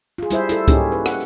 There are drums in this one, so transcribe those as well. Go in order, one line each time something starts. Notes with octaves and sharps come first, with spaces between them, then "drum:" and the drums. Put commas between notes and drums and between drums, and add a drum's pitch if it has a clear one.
F4 G#4
G3 E4 C5 E5, drum: hi-hat
E4 A4, drum: hi-hat
A#3 C#4 D#4 E4 G4 G#4, drum: kick C#2, hi-hat
B4
F#5, drum: rim click